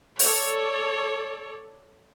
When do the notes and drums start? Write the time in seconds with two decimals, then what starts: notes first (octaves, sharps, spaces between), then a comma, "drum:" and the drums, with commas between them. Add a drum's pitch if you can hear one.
0.19 A4 C#5 D5, drum: open hi-hat